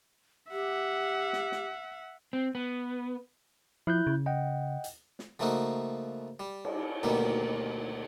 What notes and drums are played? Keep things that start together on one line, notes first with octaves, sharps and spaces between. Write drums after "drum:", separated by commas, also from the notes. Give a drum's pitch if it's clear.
G4 E5 F#5
drum: snare
drum: snare
C4
B3
F3 E4 F#6 G6
C#3
D#5 F#5 G5
drum: hi-hat
drum: snare
C#3 F3 A3 A#3 D#4 F#4
G3
drum: cymbal
D2 B2 D#3 G3 A#3